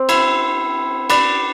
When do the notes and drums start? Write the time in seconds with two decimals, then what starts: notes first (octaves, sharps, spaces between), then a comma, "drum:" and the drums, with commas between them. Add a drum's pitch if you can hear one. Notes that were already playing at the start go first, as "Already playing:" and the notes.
Already playing: C4
0.09 E4, drum: cymbal
1.10 B4 D5, drum: cymbal